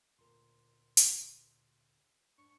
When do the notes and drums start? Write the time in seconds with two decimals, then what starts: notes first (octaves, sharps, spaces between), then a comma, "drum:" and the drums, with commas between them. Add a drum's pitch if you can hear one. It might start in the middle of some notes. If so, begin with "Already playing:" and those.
0.19 D2 A#2 A#4 C6
0.97 drum: hi-hat
2.38 G#2 D4 C#6